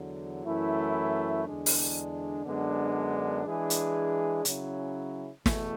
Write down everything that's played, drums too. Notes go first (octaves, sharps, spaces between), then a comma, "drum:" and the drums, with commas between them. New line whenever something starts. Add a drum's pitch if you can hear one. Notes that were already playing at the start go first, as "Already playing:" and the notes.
Already playing: E2 D3 F#3
F#2 E3 A3 E4
E2 D3 G#3 D4
drum: open hi-hat
F#2 D3 G#3 B3 D4
E3 G#3 D4 G#4
drum: hi-hat
C#3 F#3 C#4 E4, drum: hi-hat
E2 B2 A3, drum: snare